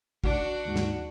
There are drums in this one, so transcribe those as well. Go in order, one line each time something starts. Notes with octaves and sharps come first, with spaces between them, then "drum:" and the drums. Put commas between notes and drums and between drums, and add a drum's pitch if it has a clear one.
D4 F#4 F#5, drum: kick
D#2 G#2
drum: snare